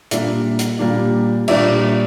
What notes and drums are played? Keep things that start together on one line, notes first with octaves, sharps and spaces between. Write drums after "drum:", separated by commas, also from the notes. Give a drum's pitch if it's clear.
A#2 G3 A#3 D4 D5 E5, drum: hi-hat
drum: hi-hat
A#2 G3 A#3 D4
A#2 G3 A#3 D4 D5 E5, drum: cymbal